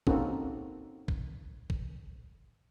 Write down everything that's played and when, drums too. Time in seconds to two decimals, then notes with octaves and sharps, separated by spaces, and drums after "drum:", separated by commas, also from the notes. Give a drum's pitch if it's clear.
0.07 A#3 C4 C#4 D#4 F#4 A4, drum: kick
1.08 drum: kick
1.70 drum: kick